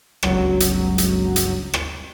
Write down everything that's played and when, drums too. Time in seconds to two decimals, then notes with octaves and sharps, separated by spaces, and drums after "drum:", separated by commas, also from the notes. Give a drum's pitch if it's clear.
0.23 G1 C#2 F#3, drum: rim click
0.60 drum: hi-hat
0.98 drum: hi-hat
1.36 drum: hi-hat
1.74 drum: rim click